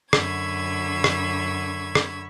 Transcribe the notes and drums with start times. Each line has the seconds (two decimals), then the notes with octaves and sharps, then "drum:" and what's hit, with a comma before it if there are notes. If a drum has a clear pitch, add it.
0.13 F#2 D3 B5 C#6 E6 G#6, drum: rim click
1.04 drum: rim click
1.95 drum: rim click